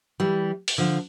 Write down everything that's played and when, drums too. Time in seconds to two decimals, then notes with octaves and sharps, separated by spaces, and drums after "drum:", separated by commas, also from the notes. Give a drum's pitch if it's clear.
0.20 E3 G3
0.68 drum: open hi-hat
0.78 D3 F3